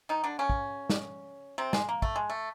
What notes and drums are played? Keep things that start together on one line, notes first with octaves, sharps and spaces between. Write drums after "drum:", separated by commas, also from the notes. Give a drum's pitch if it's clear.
D#3 D#4
D3 D4
C#3 C#4
drum: kick
drum: snare
C3 C4
G#3, drum: snare
A#3
A3, drum: kick
G#3
A3